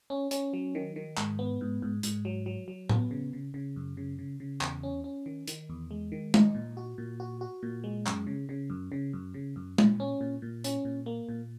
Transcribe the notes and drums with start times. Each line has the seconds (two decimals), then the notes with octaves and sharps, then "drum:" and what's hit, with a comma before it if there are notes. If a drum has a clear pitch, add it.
0.10 C#4
0.31 C#4, drum: hi-hat
0.53 F#3
0.75 D#3
0.96 D#3
1.17 G#2, drum: clap
1.39 B3
1.61 G#2
1.82 G#2
2.03 G#2, drum: hi-hat
2.25 F#3
2.46 F#3
2.68 F#3
2.89 B3, drum: tom A2
3.11 C#3
3.33 C#3
3.54 C#3
3.76 F#2
3.97 C#3
4.19 C#3
4.40 C#3
4.61 E2, drum: clap
4.83 C#4
5.04 C#4
5.26 D#3
5.48 D#3, drum: hi-hat
5.69 E2
5.91 G#3
6.12 D#3
6.34 D#4, drum: tom G#3
6.55 A#2
6.77 F#4
6.98 A#2
7.20 F#4
7.41 F#4
7.63 A#2
7.84 G#3
8.06 F#2, drum: clap
8.27 C#3
8.49 C#3
8.70 F#2
8.92 C#3
9.13 F#2
9.34 C#3
9.56 F#2
9.78 A#2, drum: tom G#3
10.00 C#4
10.21 A#2
10.42 A#2
10.64 C#4, drum: hi-hat
10.85 A#2
11.06 A#3
11.29 A#2